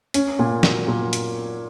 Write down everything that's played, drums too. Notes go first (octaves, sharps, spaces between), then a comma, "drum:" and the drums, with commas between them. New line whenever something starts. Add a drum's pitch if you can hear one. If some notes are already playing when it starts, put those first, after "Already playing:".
C#4, drum: hi-hat
A#2
F#3, drum: snare
A#2
drum: hi-hat